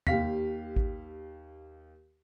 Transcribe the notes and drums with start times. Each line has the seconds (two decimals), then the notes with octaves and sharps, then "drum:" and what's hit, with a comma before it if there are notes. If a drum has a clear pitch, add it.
0.07 D#2 G4 F5 B6, drum: tom E2
0.76 drum: kick A1